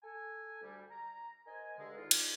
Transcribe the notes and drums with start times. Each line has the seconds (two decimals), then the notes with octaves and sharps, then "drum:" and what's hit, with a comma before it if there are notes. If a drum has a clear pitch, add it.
0.03 A4 G#5
0.61 D2 G3
0.90 A#5
1.46 A#4 C5 D#5 G#5
1.78 G2 D3 G#3
1.96 E2 D#4 F4
2.11 drum: cymbal